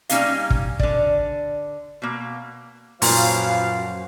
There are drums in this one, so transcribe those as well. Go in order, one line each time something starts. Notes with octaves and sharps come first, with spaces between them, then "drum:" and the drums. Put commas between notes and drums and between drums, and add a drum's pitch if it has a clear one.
G3 A#3 C#4 D#4 G#4 F5, drum: hi-hat
drum: kick
D3 D5, drum: kick
B2 A#3
F#2 A#2 F3 B4 C#5 F5, drum: open hi-hat